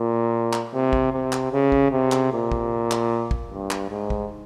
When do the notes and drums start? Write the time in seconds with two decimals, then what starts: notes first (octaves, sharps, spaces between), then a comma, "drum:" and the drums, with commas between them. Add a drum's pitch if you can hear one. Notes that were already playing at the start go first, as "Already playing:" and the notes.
Already playing: A#2
0.53 drum: clap
0.73 C3
0.93 drum: kick
1.13 C3
1.32 drum: clap
1.52 C#3
1.72 drum: kick
1.92 C3
2.12 drum: clap
2.32 A#2
2.52 drum: kick
2.91 drum: clap
3.31 drum: kick
3.51 G2
3.71 drum: clap
3.90 G#2
4.10 drum: kick